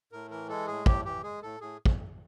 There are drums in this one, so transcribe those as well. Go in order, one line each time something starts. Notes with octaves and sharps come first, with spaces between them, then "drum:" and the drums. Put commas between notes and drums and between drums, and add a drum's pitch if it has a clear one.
A2 A#4
E3 A#4
G#3 A4
A2 G#4
A2 G4, drum: kick
E3 G4
G#3 G#4
A2 A4
A2 G#4
drum: kick